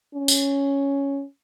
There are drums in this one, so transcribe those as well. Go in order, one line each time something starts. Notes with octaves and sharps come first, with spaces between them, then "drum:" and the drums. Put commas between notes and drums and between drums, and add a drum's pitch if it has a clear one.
C#4
drum: tambourine